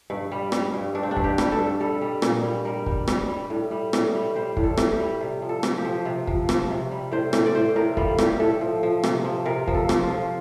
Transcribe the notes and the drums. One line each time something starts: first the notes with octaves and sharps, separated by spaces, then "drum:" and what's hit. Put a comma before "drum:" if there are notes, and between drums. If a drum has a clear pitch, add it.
G2
G3
G3, drum: rim click
G2
G2 D4
C4
D4
G2, drum: kick
G4
G3, drum: rim click
A4
G2
G3 A4
G3
A#2, drum: rim click
G3
G3 A#4
G3, drum: kick
G3, drum: rim click
G3
A2
G3
A2, drum: rim click
G3
G3 C5
A2, drum: kick
A4
A2, drum: rim click
G4
G3
C3
F3
A4
F3, drum: rim click
G4
F3
C3
F3, drum: kick
F3, drum: rim click
C3
G3
A2 C5
A2, drum: rim click
D5
A2 C5
A2 A#4
G3 F4, drum: kick
A2 G4, drum: rim click
A2 A4
F3
F3
C3, drum: rim click
F3
C3 A#4
F3, drum: kick
A4
F3, drum: rim click
F4
F3